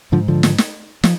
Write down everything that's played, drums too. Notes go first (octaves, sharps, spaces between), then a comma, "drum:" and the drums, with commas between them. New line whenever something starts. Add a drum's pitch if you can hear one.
G#2 D3 F3
D3 F3
drum: snare
drum: snare
F3, drum: snare